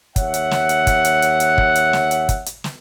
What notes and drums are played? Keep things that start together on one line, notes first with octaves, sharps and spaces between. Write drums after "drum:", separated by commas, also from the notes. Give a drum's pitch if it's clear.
D#2 C#5 E5 F#5, drum: kick, hi-hat
drum: hi-hat
drum: snare
drum: hi-hat
drum: kick, hi-hat
drum: hi-hat
drum: hi-hat
drum: hi-hat
drum: kick
drum: hi-hat
drum: snare
drum: hi-hat
drum: kick, hi-hat
drum: hi-hat
drum: snare